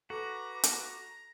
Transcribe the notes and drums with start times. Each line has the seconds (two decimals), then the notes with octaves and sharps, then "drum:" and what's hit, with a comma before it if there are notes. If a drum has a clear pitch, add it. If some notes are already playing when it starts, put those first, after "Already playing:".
0.10 F#4 A4 B4 A#5 D6 F#6
0.64 drum: hi-hat